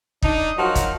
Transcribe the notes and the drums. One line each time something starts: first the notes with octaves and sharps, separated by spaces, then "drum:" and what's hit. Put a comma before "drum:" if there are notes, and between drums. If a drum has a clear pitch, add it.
D4 D#4, drum: kick
F3 F#3 D#4 F#4 A#4
drum: kick, hi-hat